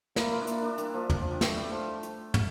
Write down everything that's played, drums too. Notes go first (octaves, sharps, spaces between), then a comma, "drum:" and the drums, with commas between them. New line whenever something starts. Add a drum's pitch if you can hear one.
A#3 E4, drum: snare
F4
D4
A#3 E4, drum: hi-hat
D4
G3 A#3, drum: hi-hat
F3
F3, drum: tom
F3
G3
A3, drum: snare
G3
F3
drum: hi-hat
drum: tom